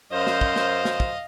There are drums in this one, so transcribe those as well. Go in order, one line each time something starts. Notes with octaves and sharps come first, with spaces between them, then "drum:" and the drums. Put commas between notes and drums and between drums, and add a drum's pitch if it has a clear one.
F#2 C5 D#5 F5
drum: snare
drum: kick
drum: snare
drum: snare
drum: kick